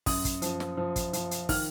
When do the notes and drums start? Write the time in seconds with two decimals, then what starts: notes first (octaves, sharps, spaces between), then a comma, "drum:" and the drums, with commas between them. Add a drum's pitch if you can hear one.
0.06 F#2 D#6, drum: kick, open hi-hat
0.25 drum: kick, hi-hat
0.42 F3, drum: hi-hat
0.60 drum: snare
0.77 F3
0.96 drum: kick, hi-hat
1.13 F3, drum: hi-hat
1.31 drum: hi-hat
1.49 D#3 F6, drum: kick, open hi-hat